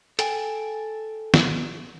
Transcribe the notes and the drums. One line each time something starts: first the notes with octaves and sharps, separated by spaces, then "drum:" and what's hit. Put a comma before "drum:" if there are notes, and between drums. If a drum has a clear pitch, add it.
A4 G5 G#5, drum: hi-hat
drum: snare